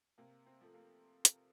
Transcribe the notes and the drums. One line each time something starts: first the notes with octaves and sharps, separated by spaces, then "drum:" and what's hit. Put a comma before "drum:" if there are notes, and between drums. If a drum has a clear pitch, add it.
C3 A#3
C4
F3 A3
A#3
drum: hi-hat